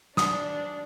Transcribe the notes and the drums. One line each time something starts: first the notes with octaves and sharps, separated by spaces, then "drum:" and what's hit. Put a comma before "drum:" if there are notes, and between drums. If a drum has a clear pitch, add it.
D4 D#6, drum: snare